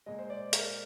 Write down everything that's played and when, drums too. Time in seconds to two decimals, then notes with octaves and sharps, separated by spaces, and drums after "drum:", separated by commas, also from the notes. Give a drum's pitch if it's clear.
0.06 A#2 G#3 D#5
0.19 C5
0.30 D5
0.53 A#4, drum: hi-hat